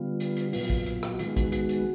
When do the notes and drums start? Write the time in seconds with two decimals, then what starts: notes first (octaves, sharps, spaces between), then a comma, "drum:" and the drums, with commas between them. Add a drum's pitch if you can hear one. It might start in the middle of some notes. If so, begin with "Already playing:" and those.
Already playing: D3 G3 B3 F4
0.20 drum: hi-hat
0.37 drum: hi-hat
0.53 A#2 F#3 B3 F4, drum: open hi-hat
0.70 drum: kick A#1
0.86 drum: hi-hat
1.03 drum: rim click
1.13 F#4
1.19 D#3 G#3 B3 F4, drum: hi-hat
1.37 F#4, drum: kick A#1, hi-hat
1.52 F#4, drum: hi-hat
1.69 drum: hi-hat